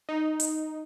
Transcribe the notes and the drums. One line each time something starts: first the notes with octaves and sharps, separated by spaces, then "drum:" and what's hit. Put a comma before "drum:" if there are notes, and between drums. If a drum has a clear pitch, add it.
D#4
drum: hi-hat